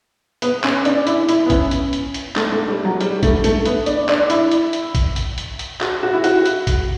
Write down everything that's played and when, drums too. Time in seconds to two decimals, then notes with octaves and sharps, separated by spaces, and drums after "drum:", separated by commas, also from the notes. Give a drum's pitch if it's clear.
0.42 B3, drum: hi-hat
0.64 C#4, drum: clap
0.85 D4, drum: hi-hat
1.07 E4, drum: hi-hat
1.29 E4, drum: hi-hat
1.46 B3
1.50 C#4, drum: kick, hi-hat
1.71 drum: hi-hat
1.93 drum: hi-hat
2.14 drum: hi-hat
2.36 A3, drum: clap
2.52 A3
2.68 G3
2.85 F#3
3.01 G3, drum: hi-hat
3.23 A3, drum: kick, hi-hat
3.44 A3, drum: hi-hat
3.66 B3, drum: hi-hat
3.86 D4, drum: hi-hat
4.09 D4, drum: clap
4.30 E4, drum: hi-hat
4.52 drum: hi-hat
4.73 drum: hi-hat
4.95 drum: kick, hi-hat
5.16 drum: hi-hat
5.38 drum: hi-hat
5.59 drum: hi-hat
5.81 F#4, drum: clap
6.03 F#4
6.13 E4
6.24 F#4, drum: hi-hat
6.46 drum: hi-hat
6.67 drum: kick, hi-hat